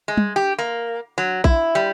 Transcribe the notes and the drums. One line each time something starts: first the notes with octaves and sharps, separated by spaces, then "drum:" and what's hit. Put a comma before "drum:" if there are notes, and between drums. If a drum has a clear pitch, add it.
G#3
drum: tom G3
G4
A#3
F#3
E4, drum: kick A#1
G3